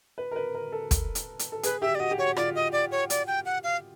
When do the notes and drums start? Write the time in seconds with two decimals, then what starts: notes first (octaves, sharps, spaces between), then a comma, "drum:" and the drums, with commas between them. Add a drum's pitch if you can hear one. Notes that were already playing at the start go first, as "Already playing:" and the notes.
0.18 B4
0.31 A#4
0.36 B4
0.55 A#4
0.72 A4
0.91 drum: kick, hi-hat
1.15 drum: hi-hat
1.39 drum: hi-hat
1.52 A4
1.63 G#4 B4, drum: hi-hat
1.81 G4 E5
1.95 D5
2.00 F#4 D#5
2.11 G4
2.18 F#4 C#5
2.37 F4 D5, drum: rim click
2.55 D#5
2.72 D5
2.92 C#5
3.10 D5, drum: hi-hat
3.27 G5
3.46 F#5
3.64 F5